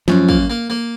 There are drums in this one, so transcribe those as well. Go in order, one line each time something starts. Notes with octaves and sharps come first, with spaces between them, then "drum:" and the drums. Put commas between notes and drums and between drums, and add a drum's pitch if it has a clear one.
F#2 F3, drum: snare
A#3, drum: kick
A#3
A#3